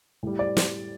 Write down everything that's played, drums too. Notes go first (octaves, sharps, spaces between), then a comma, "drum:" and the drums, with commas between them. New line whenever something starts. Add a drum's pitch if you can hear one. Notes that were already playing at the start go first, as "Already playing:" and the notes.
A2 G3
D5
drum: snare